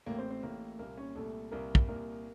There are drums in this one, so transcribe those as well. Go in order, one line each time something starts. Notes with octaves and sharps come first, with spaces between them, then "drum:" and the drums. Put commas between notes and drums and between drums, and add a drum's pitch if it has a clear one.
A1 A2 A#3 A#4
C4 C5
C4 C5
A1 A2 A#3 A#4
C2 A#2 A#3 A#4
C#4 C#5
C2 A#2 A3 A4
C2 A#2 A#3 A#4
drum: kick
C2 A#2 A#3 A#4